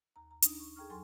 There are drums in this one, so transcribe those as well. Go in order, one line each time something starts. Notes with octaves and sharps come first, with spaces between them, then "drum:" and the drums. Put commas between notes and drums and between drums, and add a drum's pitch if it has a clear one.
D#2 A#5
A#5
D4 D#4, drum: hi-hat
C#6
G#4 A4 G5 A#5 C#6 F6
F2 F#3 A4 G#5 C6